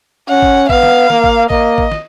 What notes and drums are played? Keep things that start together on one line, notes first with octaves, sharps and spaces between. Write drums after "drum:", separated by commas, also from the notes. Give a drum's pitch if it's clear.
C#4 F#5
drum: kick
B3 F5, drum: kick
drum: snare
A#3, drum: snare
drum: kick
A#3 D#5, drum: kick
drum: kick
drum: snare